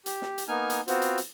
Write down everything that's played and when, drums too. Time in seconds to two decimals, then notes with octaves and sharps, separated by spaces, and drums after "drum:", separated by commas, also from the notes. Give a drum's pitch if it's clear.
0.06 G4, drum: hi-hat
0.22 drum: snare
0.38 drum: hi-hat
0.48 A#3 B3 D#4 G#5 F6
0.70 drum: hi-hat
0.88 B3 C4 F4 F#4 C5, drum: hi-hat
1.02 drum: hi-hat
1.18 drum: hi-hat